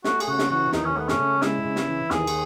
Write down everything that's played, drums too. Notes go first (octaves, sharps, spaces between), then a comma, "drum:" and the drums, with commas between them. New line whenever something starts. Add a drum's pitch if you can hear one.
A3 F#4, drum: snare
G#4, drum: cymbal
C#3 F#4
drum: snare
E3 F#4
D#2 D#4, drum: snare
C#4
A3 B3
C#4, drum: snare
C#3
G#3 E4, drum: snare
C#3
drum: snare
E3
D#2 G#4, drum: snare
drum: cymbal